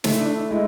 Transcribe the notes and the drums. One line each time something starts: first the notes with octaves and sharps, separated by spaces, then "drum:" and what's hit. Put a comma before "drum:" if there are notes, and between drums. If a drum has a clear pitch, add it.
A3 E4, drum: snare
D4
E4
G#3 E4